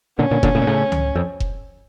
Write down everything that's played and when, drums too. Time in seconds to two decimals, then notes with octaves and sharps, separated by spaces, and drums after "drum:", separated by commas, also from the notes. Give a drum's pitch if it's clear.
0.19 A#2 D3 C#4
0.31 A#2 D3
0.43 A#2 D3, drum: kick F1
0.55 A2 C#3
0.62 A#2
0.67 A2 C#3
0.92 drum: tom C#2
1.16 F2
1.40 drum: kick F1